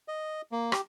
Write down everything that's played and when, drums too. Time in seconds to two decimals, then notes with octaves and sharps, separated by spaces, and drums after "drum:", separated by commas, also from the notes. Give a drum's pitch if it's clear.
0.08 D#5
0.52 A#3
0.72 G4, drum: rim click